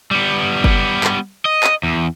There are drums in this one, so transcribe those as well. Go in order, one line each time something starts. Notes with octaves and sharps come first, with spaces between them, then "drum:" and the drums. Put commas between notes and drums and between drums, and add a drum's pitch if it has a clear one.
G3 B3
drum: kick
drum: clap
D#5
drum: clap
E2